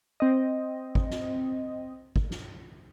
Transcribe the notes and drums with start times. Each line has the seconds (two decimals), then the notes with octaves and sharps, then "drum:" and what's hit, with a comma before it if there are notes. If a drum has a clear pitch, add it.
0.20 C4 D#5
0.95 drum: kick
1.10 drum: snare
2.16 drum: kick
2.31 drum: snare